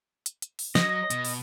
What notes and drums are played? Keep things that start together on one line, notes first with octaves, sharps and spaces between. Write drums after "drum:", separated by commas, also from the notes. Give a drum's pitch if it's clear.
drum: hi-hat
drum: hi-hat
drum: open hi-hat
F#3 D#5 A#6, drum: snare
B2, drum: hi-hat
drum: open hi-hat